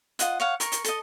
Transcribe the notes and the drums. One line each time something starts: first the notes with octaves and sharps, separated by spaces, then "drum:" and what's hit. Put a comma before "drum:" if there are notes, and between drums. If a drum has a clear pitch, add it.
F4 D#5 F#5, drum: hi-hat
C#5 F5 F#5
A#4 C#6, drum: hi-hat
drum: hi-hat
A4 D#5, drum: hi-hat